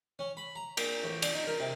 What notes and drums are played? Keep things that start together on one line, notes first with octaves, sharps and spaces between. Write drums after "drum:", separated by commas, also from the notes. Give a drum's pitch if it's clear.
C#4
B5
A#5
A#2, drum: cymbal
A1
D5, drum: cymbal
D#4
A#4
C3